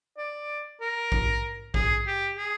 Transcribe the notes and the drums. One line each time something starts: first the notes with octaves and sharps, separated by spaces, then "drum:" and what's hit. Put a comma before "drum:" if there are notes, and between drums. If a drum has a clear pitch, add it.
D5
A#4
drum: kick A#1
G#4, drum: kick A#1
G4
G#4